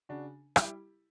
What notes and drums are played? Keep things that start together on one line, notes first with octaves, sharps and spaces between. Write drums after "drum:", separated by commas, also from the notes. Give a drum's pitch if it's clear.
C#3 D4 F#4
G3 E4 G4, drum: rim click